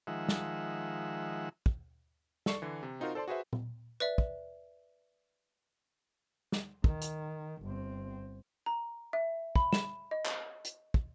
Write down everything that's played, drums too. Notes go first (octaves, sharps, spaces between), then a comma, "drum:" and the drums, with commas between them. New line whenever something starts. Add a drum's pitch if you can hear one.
D#3 F3 G#3 E5 F#5
drum: snare
drum: kick
A4 D5 C#6 C7 C#7, drum: snare
D3 E3
C3
C4 D#4 F4 F#4 A#4 C5
A4 C5 D5 A5 C6
F#4 G#4 B4 C5 E5
drum: tom A#2
B4 D5 E5
drum: kick
drum: snare
D#3, drum: kick
drum: hi-hat
G1 C4
A#5
E5
B5, drum: kick
E7, drum: snare
D#5
drum: clap
drum: hi-hat
drum: kick